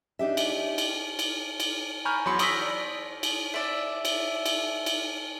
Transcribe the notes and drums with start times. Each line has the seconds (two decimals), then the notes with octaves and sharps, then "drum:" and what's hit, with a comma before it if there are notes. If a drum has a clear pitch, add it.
0.19 D4 D#4 G4 E5
0.37 drum: cymbal
0.78 drum: cymbal
1.19 drum: cymbal
1.60 drum: cymbal
2.05 G#5 A#5 B5 C#6 F6 G6
2.25 E2 F#3 B5 C6 C#7
2.39 C#6 D#6 E6 A#6 B6, drum: cymbal
2.62 D5
3.23 drum: cymbal
3.54 D5 E5
4.05 drum: cymbal
4.46 drum: cymbal
4.86 drum: cymbal